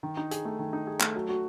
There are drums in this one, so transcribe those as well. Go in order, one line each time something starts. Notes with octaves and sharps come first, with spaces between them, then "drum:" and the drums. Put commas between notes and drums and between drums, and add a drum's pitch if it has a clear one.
D#3
D#4
G#4, drum: hi-hat
A3
D#3
D#4
G#4
A3, drum: clap
F#3
F#4